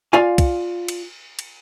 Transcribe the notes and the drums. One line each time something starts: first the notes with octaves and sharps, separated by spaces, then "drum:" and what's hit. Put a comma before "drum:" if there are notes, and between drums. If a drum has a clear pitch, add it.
F4 D5 F5 G#5
drum: kick, cymbal
drum: cymbal
drum: cymbal